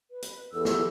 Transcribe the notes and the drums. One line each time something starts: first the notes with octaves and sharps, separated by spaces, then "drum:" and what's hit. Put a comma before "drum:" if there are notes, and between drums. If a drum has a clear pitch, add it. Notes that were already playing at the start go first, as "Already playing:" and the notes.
B4
drum: hi-hat
E2 G4 A4 E6
drum: snare